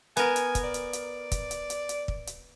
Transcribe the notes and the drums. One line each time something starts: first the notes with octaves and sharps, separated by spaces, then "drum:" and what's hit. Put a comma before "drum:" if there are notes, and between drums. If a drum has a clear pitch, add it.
B3 A#4 G#5, drum: hi-hat
drum: hi-hat
drum: kick, hi-hat
D5
drum: hi-hat
drum: hi-hat
drum: kick, hi-hat
drum: hi-hat
drum: hi-hat
drum: hi-hat
drum: kick
drum: hi-hat